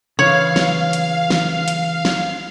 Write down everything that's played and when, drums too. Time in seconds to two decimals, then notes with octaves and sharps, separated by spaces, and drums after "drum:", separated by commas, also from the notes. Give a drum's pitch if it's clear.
0.19 C#3 E3 C#5 F5
0.56 drum: snare
0.93 drum: hi-hat
1.30 drum: snare
1.68 drum: hi-hat
2.05 drum: snare